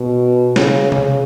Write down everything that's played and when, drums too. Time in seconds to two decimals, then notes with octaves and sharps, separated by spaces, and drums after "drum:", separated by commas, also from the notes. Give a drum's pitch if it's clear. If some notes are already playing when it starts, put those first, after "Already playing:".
Already playing: B2
0.56 C#3, drum: snare
0.92 C#3, drum: tom C3